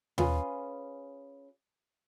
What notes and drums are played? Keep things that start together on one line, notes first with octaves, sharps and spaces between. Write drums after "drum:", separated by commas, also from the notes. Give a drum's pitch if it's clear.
C#4 F4 G#4 B4, drum: tom D#2